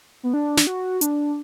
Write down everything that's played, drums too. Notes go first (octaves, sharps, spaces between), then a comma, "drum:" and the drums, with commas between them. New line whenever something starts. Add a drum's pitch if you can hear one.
B3
D4
drum: snare
F#4
D4, drum: hi-hat